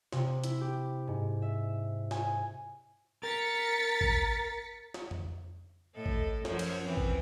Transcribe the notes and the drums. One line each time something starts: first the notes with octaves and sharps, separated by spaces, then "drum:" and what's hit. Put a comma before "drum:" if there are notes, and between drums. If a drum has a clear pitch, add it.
C3, drum: snare
E4, drum: hi-hat
G4
G#2
E5
G#5, drum: snare
A#4 A6 B6 C#7
drum: kick
drum: snare
drum: tom F2
A2 A4 D#5
drum: kick
F#2 F3 F#3, drum: snare
drum: cymbal
E3 C4
drum: kick